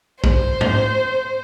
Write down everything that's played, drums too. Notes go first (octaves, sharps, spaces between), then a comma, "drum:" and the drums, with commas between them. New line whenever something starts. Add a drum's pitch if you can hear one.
C5, drum: kick
drum: tom G#2